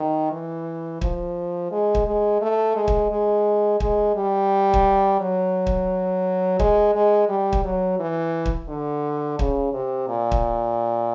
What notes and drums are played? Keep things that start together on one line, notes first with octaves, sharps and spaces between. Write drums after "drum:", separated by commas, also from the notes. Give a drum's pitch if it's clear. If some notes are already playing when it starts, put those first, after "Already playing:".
Already playing: D#3
E3
F3, drum: kick
G#3
drum: kick
G#3
A3
G#3
drum: kick
G#3
G#3, drum: kick
G3
drum: kick
F#3
drum: kick
G#3, drum: kick
G#3
G3
drum: kick
F#3
E3
drum: kick
D3
C#3, drum: kick
C3
A#2
drum: kick